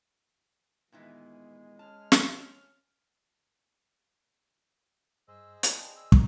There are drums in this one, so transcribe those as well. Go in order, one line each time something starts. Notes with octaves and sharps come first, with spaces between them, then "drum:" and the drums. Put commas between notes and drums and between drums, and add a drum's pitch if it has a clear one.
A#2 D#3 E3 G#3 B3
C#4 A5 F6
drum: snare
G2 G#4 C5 D#5 E6
D5 G5 A5 B5, drum: hi-hat
E6
D4 F4 A#5, drum: kick